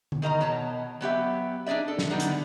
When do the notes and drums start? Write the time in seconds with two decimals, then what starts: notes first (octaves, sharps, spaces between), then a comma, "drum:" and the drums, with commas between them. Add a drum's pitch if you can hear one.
0.12 drum: tom
0.22 D#3 A#4 D#5 A#5
0.41 B2 C#5 A5
1.01 F#3 B3 G4 E5
1.66 D4 D#4 G#4 D5 E5
1.88 A4
1.99 drum: snare
2.10 D3 G3 B3 D4 D#4
2.20 drum: hi-hat